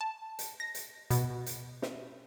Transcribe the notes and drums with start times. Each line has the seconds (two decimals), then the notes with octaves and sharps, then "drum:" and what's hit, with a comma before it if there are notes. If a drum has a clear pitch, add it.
0.01 A5
0.39 drum: hi-hat
0.60 A#6
0.75 drum: hi-hat
1.11 B2, drum: hi-hat
1.46 drum: hi-hat
1.82 drum: snare